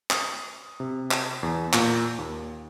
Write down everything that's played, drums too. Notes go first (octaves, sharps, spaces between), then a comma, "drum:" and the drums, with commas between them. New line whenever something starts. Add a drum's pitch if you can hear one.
D#6, drum: clap
C3
drum: clap
E2
A#2, drum: clap
D#2